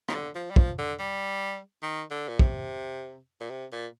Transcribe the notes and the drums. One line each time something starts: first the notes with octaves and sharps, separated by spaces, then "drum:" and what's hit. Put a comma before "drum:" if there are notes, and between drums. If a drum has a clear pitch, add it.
D#3, drum: rim click
D3
F3
G3
F3, drum: kick
D3
G3
D#3
D3
A#2
C3, drum: kick
A#2
C3
A#2